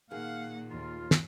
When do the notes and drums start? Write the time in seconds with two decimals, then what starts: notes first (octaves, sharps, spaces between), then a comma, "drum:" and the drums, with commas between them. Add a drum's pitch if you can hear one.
0.11 A#2 D#3 A#3 G#4 F5 F#5
0.71 D#2 F4
1.11 drum: snare